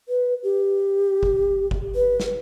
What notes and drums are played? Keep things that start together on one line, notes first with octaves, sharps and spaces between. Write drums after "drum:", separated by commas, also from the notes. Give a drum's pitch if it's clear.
B4
G4
drum: kick G1
drum: kick G1
B4
drum: snare